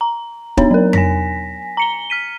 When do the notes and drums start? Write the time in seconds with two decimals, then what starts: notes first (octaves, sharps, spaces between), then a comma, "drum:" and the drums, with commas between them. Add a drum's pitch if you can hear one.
0.01 A#5
0.57 B3 D4 D#4 C#5, drum: kick
0.71 F#3 A#4
0.93 G#5 A#6 B6, drum: tom F2
1.77 A#5 C#7 G7
2.10 F6 B6 D#7